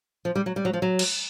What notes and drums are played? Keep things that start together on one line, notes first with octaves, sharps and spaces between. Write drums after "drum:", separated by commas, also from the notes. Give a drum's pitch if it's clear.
F3
G3
F#3
G3
F#3
F3
F#3
drum: cymbal